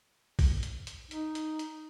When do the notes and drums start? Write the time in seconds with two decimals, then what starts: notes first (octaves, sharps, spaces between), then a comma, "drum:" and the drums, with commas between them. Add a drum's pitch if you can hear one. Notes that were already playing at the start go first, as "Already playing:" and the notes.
0.39 drum: kick, open hi-hat
0.63 drum: hi-hat
0.87 drum: hi-hat
1.11 D#4, drum: hi-hat
1.35 drum: hi-hat
1.59 drum: hi-hat